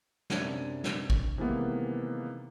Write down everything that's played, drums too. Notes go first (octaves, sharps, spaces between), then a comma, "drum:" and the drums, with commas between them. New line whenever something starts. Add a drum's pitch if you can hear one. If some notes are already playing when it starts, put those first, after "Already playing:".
F#2 C3 D4 G#6 D#7, drum: snare
drum: snare
drum: kick
C3 D#3 E3 G#3 A#3 B3